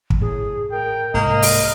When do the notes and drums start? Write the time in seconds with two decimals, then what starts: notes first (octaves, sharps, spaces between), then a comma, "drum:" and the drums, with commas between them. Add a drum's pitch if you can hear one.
0.10 drum: kick
0.21 A2 G#4
0.72 A#4 G5
1.14 C2 G#2 A#3 D#5 F6
1.42 drum: open hi-hat